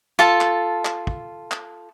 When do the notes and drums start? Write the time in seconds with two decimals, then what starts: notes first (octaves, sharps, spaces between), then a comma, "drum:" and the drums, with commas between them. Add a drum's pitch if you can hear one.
0.19 F4 A4 A5
0.41 drum: clap
0.85 drum: clap
1.07 drum: kick
1.51 drum: clap